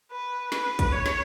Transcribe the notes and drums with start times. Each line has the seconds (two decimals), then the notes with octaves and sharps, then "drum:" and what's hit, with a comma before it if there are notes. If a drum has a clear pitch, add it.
0.12 B4
0.52 B4, drum: snare
0.79 drum: kick, hi-hat
0.92 C#5
1.06 drum: snare